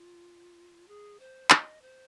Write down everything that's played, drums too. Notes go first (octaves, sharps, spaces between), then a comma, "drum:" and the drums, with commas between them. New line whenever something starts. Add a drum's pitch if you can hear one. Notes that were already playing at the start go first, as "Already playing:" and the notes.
Already playing: F4
G#4
C5
D#5, drum: clap
C5